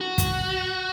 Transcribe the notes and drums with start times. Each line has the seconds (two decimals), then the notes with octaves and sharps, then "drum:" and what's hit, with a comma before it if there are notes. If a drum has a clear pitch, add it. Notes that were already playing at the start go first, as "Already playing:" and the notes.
0.01 F#4
0.18 drum: kick, hi-hat